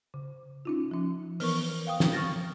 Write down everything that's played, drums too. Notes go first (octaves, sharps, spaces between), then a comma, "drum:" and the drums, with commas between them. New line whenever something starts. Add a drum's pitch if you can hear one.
C#3
C#4 D#4 F4
F3 C#4
E3 B3 A#4 B4 C#6, drum: open hi-hat
F5 G5 D#6
drum: snare
C#6 F6 A6 A#6